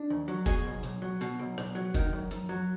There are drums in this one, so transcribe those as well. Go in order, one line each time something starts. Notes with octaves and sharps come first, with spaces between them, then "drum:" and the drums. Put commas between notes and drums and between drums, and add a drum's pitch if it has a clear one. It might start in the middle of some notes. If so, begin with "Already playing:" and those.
Already playing: D4
D#2
F#3
B2 G#4, drum: kick F1, hi-hat
B1
B1, drum: hi-hat
F#3
B2, drum: hi-hat
B1
B1, drum: rim click
F#3
D#3, drum: kick F1, hi-hat
F#2
F#2, drum: hi-hat
F#3